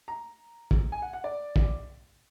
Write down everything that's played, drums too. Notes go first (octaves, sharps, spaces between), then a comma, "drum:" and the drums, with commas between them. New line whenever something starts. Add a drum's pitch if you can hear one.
A#5
drum: kick
G#5
F#5
F#5
D5
drum: kick